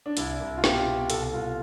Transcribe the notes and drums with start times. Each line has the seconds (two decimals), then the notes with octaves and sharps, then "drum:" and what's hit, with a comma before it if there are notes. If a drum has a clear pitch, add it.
0.06 D4
0.17 C2 E4, drum: hi-hat
0.40 C2
0.58 F4
0.64 B2 G4, drum: snare
0.87 B2
1.10 C2 A4, drum: hi-hat
1.33 C2 F4